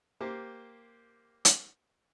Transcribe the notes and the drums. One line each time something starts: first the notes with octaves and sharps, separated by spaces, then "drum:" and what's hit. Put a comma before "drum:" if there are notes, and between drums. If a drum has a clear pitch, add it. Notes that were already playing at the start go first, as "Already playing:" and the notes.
A#3 G4 C5
drum: hi-hat